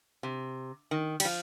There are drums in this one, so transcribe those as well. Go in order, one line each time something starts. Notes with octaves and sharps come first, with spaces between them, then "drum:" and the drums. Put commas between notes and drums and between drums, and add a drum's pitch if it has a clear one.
C3
D#3
G3, drum: cymbal
F3